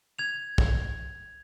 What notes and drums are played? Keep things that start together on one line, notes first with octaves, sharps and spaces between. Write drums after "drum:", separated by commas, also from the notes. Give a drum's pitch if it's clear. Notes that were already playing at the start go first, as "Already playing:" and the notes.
G#6 F7
drum: kick